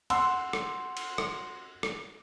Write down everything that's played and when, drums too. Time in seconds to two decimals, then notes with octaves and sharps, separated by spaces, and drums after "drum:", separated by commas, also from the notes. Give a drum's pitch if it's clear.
0.10 F#5 C6 E6, drum: cymbal
0.53 drum: rim click
0.97 drum: cymbal
1.18 drum: rim click
1.83 drum: rim click